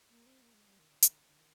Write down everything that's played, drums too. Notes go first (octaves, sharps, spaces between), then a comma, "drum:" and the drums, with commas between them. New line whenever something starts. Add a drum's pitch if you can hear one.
A#3
C4
A#3
G#3
G3
D#3
D3
D#3, drum: hi-hat
D3
D3
D#3